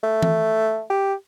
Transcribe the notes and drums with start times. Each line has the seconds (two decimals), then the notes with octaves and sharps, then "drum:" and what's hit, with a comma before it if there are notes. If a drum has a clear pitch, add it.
0.03 A3
0.22 drum: tom E3
0.90 G4